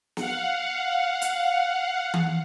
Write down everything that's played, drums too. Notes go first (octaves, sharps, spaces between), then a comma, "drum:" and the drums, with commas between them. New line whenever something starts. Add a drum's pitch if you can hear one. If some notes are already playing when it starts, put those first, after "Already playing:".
F5 F#5, drum: snare
drum: hi-hat
drum: tom E3